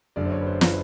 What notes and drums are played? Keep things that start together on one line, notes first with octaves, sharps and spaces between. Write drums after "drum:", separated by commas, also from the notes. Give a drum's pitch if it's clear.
F#1 F#2 D3 D5
C5
C#5
B4
C5
B4, drum: snare